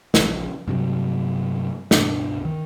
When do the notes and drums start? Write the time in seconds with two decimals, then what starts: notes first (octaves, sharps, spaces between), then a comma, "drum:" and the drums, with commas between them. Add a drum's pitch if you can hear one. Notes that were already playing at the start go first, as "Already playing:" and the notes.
0.14 A#1 C#3 F3, drum: snare
0.68 G2 C3 F#3
1.91 C#2 G2 B2 D4, drum: snare
2.45 D#3